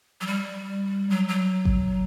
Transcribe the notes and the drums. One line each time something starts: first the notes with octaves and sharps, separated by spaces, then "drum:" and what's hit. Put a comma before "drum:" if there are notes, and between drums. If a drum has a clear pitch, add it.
F#3
G3
F#3
F#3
drum: kick G#1